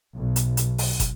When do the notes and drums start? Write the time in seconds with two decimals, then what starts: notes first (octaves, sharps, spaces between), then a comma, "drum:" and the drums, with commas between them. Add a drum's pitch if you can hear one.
0.15 B1
0.36 drum: hi-hat
0.57 drum: hi-hat
0.78 drum: open hi-hat
1.00 drum: kick, hi-hat